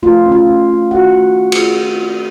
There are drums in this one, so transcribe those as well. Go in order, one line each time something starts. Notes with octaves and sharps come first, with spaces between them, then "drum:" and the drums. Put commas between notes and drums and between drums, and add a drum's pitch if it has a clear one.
A3 F4
C#4
F4
C#4
C#4
D#3 F#4 F#5
A3
drum: cymbal